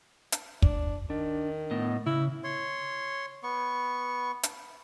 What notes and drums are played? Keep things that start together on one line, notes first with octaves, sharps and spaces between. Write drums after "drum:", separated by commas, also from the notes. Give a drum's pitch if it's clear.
drum: hi-hat
D4, drum: kick
D#3 D4
A2 B3 D#5
C#3 E4
C#5 C6
B3 C#6
drum: hi-hat